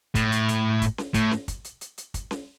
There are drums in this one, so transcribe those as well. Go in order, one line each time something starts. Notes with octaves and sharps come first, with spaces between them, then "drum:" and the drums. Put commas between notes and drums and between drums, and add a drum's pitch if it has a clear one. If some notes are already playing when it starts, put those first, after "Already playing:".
A2, drum: kick, hi-hat
drum: hi-hat
drum: hi-hat
drum: kick, hi-hat
drum: snare C#4
A2, drum: kick, hi-hat
drum: snare C#4
drum: kick, hi-hat
drum: hi-hat
drum: hi-hat
drum: hi-hat
drum: kick, hi-hat
drum: snare C#4